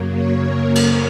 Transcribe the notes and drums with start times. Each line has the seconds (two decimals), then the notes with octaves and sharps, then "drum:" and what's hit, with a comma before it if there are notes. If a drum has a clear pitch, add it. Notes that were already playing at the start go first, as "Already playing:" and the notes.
Already playing: F#2 C#3 F#3 A#3
0.12 C#5
0.44 A#4
0.75 C#5, drum: cymbal